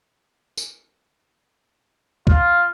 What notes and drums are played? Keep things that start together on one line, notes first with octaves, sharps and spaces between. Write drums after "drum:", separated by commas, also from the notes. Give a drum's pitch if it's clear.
drum: tambourine
F4, drum: kick C#2